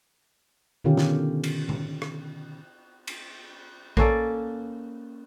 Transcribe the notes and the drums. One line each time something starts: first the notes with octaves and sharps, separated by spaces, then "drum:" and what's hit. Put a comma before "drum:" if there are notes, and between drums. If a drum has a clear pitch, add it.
B2 D3 D#3 C#4 F4 G4
drum: snare
drum: cymbal
drum: tom B2
drum: rim click
drum: cymbal
A#3 C#4 A4 D5, drum: kick A#1